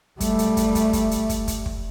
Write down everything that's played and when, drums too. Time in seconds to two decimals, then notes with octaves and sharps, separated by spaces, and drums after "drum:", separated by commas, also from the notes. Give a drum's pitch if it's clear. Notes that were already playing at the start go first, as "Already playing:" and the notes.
0.20 G3 A3, drum: kick, hi-hat
0.39 drum: hi-hat
0.57 drum: kick, hi-hat
0.75 drum: kick, hi-hat
0.93 drum: kick, hi-hat
1.11 drum: hi-hat
1.29 drum: kick, hi-hat
1.48 drum: kick, hi-hat
1.66 drum: kick